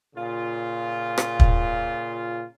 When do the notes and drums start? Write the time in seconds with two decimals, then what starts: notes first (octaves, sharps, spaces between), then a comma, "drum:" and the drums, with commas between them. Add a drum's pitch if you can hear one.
0.16 A#2 C#3 F4
1.18 drum: rim click
1.40 drum: kick